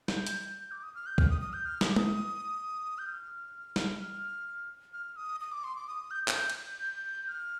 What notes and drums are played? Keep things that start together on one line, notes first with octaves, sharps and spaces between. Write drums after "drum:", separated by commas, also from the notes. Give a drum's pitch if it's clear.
G6, drum: snare
drum: hi-hat
D6
D#6
F6
G6
F6, drum: kick
D#6
D#6
G6
F6
D#6, drum: snare
D6
D#6, drum: tom
G6
F6
drum: snare
F6
F6
D#6
D#6
D6
C6
D6
D#6
G6
G6, drum: clap
drum: cymbal
F6